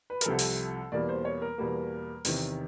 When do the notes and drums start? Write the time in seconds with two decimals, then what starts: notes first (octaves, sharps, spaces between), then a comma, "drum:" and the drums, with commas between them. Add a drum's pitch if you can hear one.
0.10 B4
0.21 A#4, drum: hi-hat
0.26 C2 C3 F3 A4
0.39 drum: open hi-hat
0.92 E2 B2 G3 A#3 D5
1.09 C5
1.25 C#5
1.42 A#4
1.58 E2 B2 G3 A#3
2.25 E2 C3 D#3, drum: open hi-hat